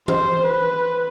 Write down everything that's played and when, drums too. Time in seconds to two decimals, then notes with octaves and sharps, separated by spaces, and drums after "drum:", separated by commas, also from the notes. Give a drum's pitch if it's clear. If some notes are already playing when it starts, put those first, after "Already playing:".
0.08 C5, drum: tom E3
0.46 B4